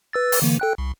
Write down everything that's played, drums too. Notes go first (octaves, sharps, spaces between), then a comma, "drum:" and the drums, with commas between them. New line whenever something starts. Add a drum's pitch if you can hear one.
B4 E6 A6
drum: open hi-hat
D3 E3 A#3
A4 G5 F#6
C2